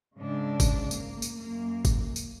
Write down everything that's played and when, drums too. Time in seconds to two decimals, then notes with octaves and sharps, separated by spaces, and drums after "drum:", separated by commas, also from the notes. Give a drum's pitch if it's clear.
0.18 G#2 C#3 D4
0.60 drum: kick, tambourine
0.91 A#3, drum: tambourine
1.22 drum: tambourine
1.39 F#2 A#3
1.85 drum: kick, tambourine
2.16 drum: tambourine